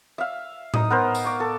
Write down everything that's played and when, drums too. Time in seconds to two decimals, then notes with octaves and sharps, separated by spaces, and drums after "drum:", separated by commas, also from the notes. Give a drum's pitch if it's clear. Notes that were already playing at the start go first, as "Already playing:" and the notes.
0.18 E5 F5
0.74 D#4 D#6, drum: tom A2
0.90 B3 A#4 C5
1.15 drum: tambourine
1.24 C#6 D6
1.40 A4